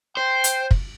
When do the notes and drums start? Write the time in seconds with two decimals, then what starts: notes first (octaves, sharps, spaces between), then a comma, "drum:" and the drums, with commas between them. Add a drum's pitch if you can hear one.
0.17 C5 G5
0.44 drum: hi-hat
0.71 drum: kick